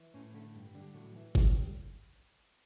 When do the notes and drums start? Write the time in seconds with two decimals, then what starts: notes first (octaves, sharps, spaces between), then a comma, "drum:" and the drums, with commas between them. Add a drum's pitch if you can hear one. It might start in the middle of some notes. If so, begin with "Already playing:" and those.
Already playing: E3
0.14 A2 C#4
0.34 D3 A3
0.55 G2
0.75 D3 G3
0.94 A2 F#3
1.15 E3
1.35 A2, drum: kick G1
1.54 G3